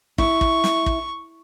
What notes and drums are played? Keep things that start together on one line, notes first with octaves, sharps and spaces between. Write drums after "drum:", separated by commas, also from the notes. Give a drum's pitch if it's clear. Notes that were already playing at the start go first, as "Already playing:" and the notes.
E4 C#6, drum: kick
drum: kick
drum: snare
drum: kick